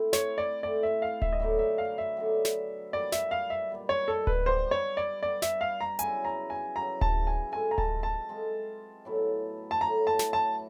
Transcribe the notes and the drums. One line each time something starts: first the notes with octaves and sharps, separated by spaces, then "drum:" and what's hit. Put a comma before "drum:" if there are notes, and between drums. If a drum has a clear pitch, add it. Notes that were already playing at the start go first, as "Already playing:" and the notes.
Already playing: A3 C4 E4
C#5, drum: snare
D5
A3 C4 E4 D5
E5
F5
E5, drum: kick D1
D#5
D3 F#3 B3 D#4 E5
E5
F5
E5
D3 F#3 B3 D#4
drum: snare
A#2 G3 B3 D5
E5, drum: snare
F5
E5
A#2 G3 B3
C#5
A4
B4, drum: kick D1
G3 B3 D4 C5
C#5
D5
G3 B3 D4 D5
E5, drum: snare
F5
A#5
C#3 F#3 B3 E4 G#5, drum: hi-hat
A#5
G#5
C#3 F#3 B3 E4 A#5
A5, drum: kick D1
G#5
G#3 C4 F4 A4 G#5
A#5
A5, drum: kick D1
A5
G#3 C4 F4 A4
A2 F#3 B3 E4
A5
A2 F#3 B3 E4 A#5
A5
drum: snare
A5